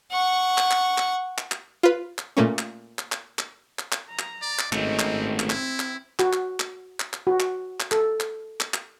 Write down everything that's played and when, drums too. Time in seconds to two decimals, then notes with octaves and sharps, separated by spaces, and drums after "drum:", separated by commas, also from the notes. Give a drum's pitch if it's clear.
0.11 F#5 C#6
0.58 drum: clap
0.71 drum: clap
0.98 drum: clap
1.38 drum: clap
1.51 drum: clap
1.83 F4 B4
2.18 drum: clap
2.37 A#2 A3 A#3 C#4
2.58 drum: clap
2.99 drum: clap
3.12 drum: clap
3.39 drum: clap
3.79 drum: clap
3.92 drum: clap
4.10 A#5
4.19 drum: clap
4.42 D5
4.59 drum: clap
4.72 G#1 A3 C4 C#4 D#5, drum: clap
4.99 drum: clap
5.39 drum: clap
5.50 C4 E4, drum: clap
5.79 drum: clap
6.19 F#4, drum: clap
6.33 drum: clap
6.60 drum: clap
7.00 drum: clap
7.13 drum: clap
7.27 F#4
7.40 drum: clap
7.80 drum: clap
7.92 A4, drum: clap
8.20 drum: clap
8.60 drum: clap
8.74 drum: clap